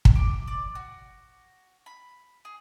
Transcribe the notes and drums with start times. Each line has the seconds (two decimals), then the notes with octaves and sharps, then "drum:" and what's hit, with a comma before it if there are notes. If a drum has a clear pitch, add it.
0.05 drum: kick
0.15 D6
0.48 D5
0.75 F#4
1.86 B5
2.45 G#4